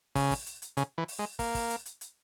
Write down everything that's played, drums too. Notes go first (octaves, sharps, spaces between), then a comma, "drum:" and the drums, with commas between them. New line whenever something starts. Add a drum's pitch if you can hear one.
C#3, drum: kick, open hi-hat
drum: kick, open hi-hat
drum: hi-hat
drum: hi-hat
C#3, drum: hi-hat
E3
drum: open hi-hat
G#3
A#3, drum: kick, open hi-hat
drum: kick, open hi-hat
drum: hi-hat
drum: hi-hat
drum: hi-hat